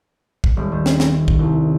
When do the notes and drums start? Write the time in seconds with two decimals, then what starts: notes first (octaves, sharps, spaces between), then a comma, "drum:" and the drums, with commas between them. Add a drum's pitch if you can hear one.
0.44 drum: kick
0.57 D#1
0.72 D#3
0.86 drum: snare
1.00 drum: snare
1.28 drum: kick
1.39 C2